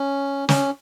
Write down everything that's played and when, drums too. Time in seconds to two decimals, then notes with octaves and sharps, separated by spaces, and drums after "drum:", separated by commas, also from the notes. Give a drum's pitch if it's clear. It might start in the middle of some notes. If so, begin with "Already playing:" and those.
Already playing: C#4
0.49 C#4, drum: snare